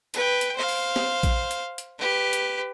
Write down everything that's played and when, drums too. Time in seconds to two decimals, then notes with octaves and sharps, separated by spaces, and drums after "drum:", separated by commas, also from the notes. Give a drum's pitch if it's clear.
0.14 B4 G5, drum: hi-hat
0.41 drum: hi-hat
0.56 C5 F5
0.69 drum: open hi-hat
0.96 drum: snare
1.23 drum: kick A#1, hi-hat
1.51 drum: hi-hat
1.78 drum: hi-hat
1.98 G4 B4
2.33 drum: hi-hat